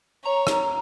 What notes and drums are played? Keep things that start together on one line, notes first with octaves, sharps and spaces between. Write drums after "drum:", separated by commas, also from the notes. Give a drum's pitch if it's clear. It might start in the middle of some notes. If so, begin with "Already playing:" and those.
C#5 A#5
drum: rim click